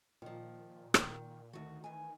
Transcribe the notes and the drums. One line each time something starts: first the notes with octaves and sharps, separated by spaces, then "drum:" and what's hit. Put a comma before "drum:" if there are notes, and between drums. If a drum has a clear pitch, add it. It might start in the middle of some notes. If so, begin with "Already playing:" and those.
A#2 D#3 F3
D#3, drum: rim click
D2 D#3 F#4
E3 G#5